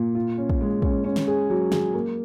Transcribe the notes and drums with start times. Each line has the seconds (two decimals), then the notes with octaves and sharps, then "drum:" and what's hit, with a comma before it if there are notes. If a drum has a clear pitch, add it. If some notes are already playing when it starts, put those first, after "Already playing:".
Already playing: A#2
0.15 F4
0.38 C#4
0.50 drum: kick
0.61 G#3
0.82 C#4, drum: kick
1.04 C#4
1.16 drum: snare
1.27 G#4
1.50 F#3
1.72 G#4, drum: snare
1.94 A#3